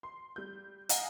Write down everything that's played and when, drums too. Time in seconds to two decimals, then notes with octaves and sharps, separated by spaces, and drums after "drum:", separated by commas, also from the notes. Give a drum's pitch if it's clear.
0.03 C6
0.36 G3 G6
0.89 D#5 F5 F#5 G#5 A#5, drum: hi-hat